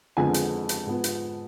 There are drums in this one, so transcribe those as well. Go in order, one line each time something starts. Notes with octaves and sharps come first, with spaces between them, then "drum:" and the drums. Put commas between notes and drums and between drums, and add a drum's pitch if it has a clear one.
F2 D3 G#3 B3 G#5
drum: hi-hat
drum: hi-hat
G#2 F3 B3
drum: hi-hat